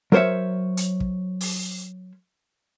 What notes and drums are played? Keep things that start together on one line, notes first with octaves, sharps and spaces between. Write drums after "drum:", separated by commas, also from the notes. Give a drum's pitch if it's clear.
F#3 A#4 C5 C#5 E5
drum: hi-hat
drum: kick
drum: open hi-hat